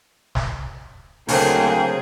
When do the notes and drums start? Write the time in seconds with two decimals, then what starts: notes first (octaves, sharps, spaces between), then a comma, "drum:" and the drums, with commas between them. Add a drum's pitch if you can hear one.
0.35 drum: snare
1.29 D2 C#3 F#3 G#3 A#3 C4 G#4 G5, drum: open hi-hat